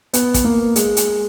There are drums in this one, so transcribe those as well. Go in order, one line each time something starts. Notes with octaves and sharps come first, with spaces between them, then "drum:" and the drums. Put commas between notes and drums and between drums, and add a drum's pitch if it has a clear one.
B3, drum: hi-hat
drum: kick, hi-hat
A#3
G#3, drum: hi-hat
drum: hi-hat